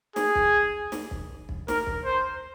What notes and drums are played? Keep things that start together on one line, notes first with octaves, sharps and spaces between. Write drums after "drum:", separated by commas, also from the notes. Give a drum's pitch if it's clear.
G#4, drum: snare
drum: kick
drum: snare
drum: kick
drum: kick
A#4, drum: snare
drum: kick
C5